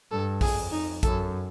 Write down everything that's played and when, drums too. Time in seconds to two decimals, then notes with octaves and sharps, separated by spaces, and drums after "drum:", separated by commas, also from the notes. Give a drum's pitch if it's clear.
0.11 G2 A4
0.41 F2 G#4, drum: kick A#1, open hi-hat
0.72 D#4
1.03 F#2 A4, drum: kick A#1, hi-hat